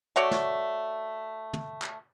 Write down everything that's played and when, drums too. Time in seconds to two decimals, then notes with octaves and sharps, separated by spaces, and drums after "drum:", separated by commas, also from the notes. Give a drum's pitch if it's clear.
0.16 A3 F#4 C#5 D5
0.31 drum: snare
1.53 drum: tom
1.82 drum: clap